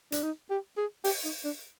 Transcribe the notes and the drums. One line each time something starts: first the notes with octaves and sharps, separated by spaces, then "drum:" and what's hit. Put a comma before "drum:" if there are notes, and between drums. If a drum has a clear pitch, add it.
D4, drum: hi-hat
D#4
G4
G#4
G4, drum: open hi-hat
D#4
D4